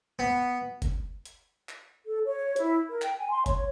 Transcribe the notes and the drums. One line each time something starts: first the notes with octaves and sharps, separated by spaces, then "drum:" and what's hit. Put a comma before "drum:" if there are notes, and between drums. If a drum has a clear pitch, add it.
B3
drum: kick, hi-hat
drum: hi-hat
drum: clap
A4
C#5
E4, drum: hi-hat
A#4
G5, drum: clap
G#5
C6
C#5, drum: kick, hi-hat